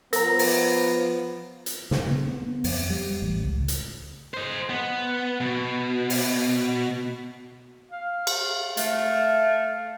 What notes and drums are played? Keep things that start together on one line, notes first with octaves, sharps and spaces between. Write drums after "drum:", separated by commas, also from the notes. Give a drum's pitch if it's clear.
F3 B3 A#4 A#5 A#6, drum: hi-hat
drum: open hi-hat
drum: hi-hat
C#3, drum: snare
B3
B3
F2, drum: open hi-hat
G3
A1
C#2
drum: hi-hat
C5 D#5
B3
B2
drum: open hi-hat
F5
drum: cymbal
A3 F5, drum: hi-hat